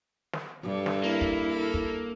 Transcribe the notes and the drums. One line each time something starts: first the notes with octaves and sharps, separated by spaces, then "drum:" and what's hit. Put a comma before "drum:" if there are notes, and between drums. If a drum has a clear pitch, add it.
drum: snare
G2 A4
drum: snare
A#3 E4
drum: kick
A4
drum: kick